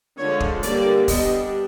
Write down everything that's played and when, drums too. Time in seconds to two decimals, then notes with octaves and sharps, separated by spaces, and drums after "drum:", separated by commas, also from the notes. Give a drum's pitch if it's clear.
0.18 D3 F3 G#3 C#5
0.40 drum: kick
0.63 D3 G3 A#3 D4 D5, drum: hi-hat
1.08 G3 B3 D4 D#5, drum: kick, open hi-hat